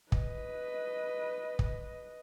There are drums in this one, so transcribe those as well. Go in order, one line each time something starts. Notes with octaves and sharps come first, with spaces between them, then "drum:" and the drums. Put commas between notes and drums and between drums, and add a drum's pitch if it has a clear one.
B4 D#5, drum: kick
drum: kick